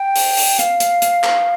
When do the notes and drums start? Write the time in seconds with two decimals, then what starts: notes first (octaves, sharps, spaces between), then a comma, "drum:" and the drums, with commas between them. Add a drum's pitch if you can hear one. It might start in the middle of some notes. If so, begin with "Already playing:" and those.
Already playing: G5
0.16 drum: open hi-hat
0.37 drum: open hi-hat
0.59 F5, drum: hi-hat
0.80 drum: hi-hat
1.02 drum: hi-hat
1.24 drum: clap